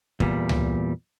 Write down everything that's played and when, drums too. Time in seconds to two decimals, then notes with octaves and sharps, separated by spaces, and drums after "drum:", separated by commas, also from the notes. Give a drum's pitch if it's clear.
0.20 E2 A#2 G3, drum: kick
0.49 drum: tom C#2